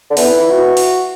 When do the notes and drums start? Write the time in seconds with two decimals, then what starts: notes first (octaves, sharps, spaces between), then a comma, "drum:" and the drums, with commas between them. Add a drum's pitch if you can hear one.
0.10 D3
0.17 E3 B3, drum: open hi-hat
0.28 E4
0.40 E4
0.50 F#4
0.77 drum: open hi-hat